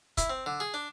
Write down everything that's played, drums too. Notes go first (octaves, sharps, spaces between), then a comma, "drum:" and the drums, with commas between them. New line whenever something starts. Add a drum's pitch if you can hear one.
E4, drum: kick, hi-hat
C4
D3
G#4
D4